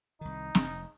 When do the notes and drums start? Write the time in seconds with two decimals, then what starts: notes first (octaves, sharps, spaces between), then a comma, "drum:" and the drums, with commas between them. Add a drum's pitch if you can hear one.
0.21 C2 D#3 D#4
0.55 F1, drum: snare